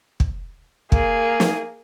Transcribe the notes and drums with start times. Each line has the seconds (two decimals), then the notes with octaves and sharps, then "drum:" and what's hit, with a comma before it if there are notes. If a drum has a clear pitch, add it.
0.20 drum: kick
0.92 A#3 G#4, drum: kick
1.40 drum: snare